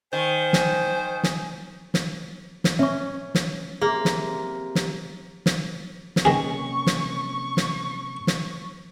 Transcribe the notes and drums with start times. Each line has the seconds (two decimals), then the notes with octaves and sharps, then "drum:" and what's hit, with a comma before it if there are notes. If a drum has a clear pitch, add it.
0.13 D#3 C5 G#5
0.53 drum: snare
1.23 drum: snare
1.94 drum: snare
2.64 drum: snare
2.79 C#4 E5 C#6
3.35 drum: snare
3.82 C3 A#3 G#4
4.05 drum: snare
4.75 drum: snare
5.46 drum: snare
6.16 drum: snare
6.25 C3 D#3 A#3 C#4 G#4 C#6
6.86 drum: snare
7.57 drum: snare
8.27 drum: snare